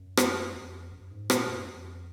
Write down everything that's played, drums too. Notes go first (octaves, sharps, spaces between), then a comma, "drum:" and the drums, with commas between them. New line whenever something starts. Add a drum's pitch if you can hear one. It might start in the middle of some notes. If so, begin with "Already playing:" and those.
Already playing: F#2
drum: rim click
F2
F#2
G#2
A#2, drum: rim click
F#2
F2